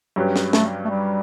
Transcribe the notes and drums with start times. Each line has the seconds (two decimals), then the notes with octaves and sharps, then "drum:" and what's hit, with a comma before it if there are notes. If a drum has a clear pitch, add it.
0.16 G2 F#3 C#4 G4 B4
0.36 drum: snare
0.53 A3, drum: snare
0.85 A3
0.90 G3